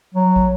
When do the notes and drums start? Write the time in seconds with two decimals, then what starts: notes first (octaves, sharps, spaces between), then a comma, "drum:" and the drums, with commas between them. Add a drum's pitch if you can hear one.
0.15 F#3
0.36 drum: kick